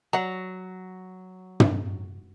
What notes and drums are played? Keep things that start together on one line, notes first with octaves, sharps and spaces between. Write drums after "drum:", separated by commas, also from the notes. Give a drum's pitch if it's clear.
F#3 F#5 A#5
drum: tom